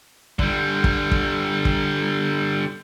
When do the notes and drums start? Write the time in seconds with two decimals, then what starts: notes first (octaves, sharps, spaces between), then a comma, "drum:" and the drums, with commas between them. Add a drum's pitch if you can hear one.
0.39 D3 G3, drum: kick
0.84 drum: kick
1.11 drum: kick
1.65 drum: kick